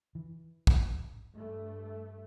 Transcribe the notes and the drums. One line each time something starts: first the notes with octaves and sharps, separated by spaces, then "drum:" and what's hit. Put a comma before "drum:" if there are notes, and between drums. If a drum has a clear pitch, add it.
E3
drum: kick
G2 A3